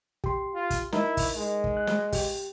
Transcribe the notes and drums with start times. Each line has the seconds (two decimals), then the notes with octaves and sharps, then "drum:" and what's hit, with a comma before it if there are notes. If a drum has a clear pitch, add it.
0.24 G4 C6, drum: kick
0.55 F4
0.70 drum: kick, hi-hat
0.92 D#4 E4 A#4, drum: snare
1.17 drum: kick, open hi-hat
1.36 G#3
1.64 drum: kick
1.77 F#6
1.87 drum: snare
2.13 G4, drum: kick, open hi-hat